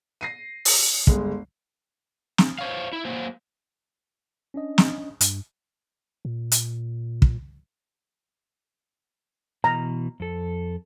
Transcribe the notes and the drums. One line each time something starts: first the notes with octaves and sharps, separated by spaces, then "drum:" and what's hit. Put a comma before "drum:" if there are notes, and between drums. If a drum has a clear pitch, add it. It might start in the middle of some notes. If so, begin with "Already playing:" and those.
A#6 C7 D#7
drum: open hi-hat
G1 G#3, drum: kick
drum: snare
C5 C#5 F5
E4
F#3 A#3 C5
C#4 D4 D#5
drum: snare
G2, drum: hi-hat
A#2
drum: hi-hat
drum: kick
B2 E3 A#5
F2 A4